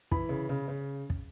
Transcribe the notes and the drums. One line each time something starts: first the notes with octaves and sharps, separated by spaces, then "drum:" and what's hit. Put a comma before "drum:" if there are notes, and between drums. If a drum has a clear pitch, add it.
E3 B5, drum: kick
C#3
C#3
C#3
drum: kick